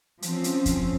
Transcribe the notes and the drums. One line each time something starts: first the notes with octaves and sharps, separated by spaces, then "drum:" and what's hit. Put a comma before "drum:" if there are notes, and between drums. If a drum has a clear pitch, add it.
F3 C4 C#4, drum: hi-hat
drum: hi-hat
drum: kick, hi-hat